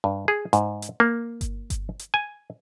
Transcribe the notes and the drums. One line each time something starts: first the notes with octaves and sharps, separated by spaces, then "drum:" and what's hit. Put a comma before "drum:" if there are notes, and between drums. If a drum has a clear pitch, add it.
G2
G#4
G#2, drum: hi-hat
drum: hi-hat
A#3
drum: kick G1, hi-hat
drum: kick G1, hi-hat
drum: hi-hat
G#5